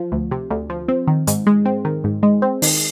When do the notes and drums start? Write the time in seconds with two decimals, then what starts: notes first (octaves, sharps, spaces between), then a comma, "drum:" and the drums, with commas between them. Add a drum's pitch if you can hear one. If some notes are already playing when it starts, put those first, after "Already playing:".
Already playing: F3
0.12 D2
0.31 C3
0.50 D2
0.70 F3
0.88 C4
1.07 D#3
1.27 G#2, drum: hi-hat
1.47 G#3
1.65 C4
1.85 D#3
2.04 G#2
2.23 G#3
2.42 C4
2.62 D#3, drum: open hi-hat